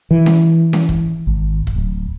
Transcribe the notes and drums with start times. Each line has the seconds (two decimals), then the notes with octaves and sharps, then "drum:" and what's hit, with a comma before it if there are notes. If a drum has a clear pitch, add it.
0.11 E3
0.26 drum: snare C#4
0.73 drum: snare C#4
0.89 drum: kick
1.27 G#1
1.67 drum: kick
1.76 D1